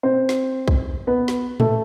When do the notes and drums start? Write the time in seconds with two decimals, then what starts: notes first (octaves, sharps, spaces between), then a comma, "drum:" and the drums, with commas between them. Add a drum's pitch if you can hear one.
0.03 C4 C5
0.29 drum: snare
0.68 drum: kick B1
1.07 B3 B4
1.28 drum: snare
1.60 A3 A4, drum: tom A2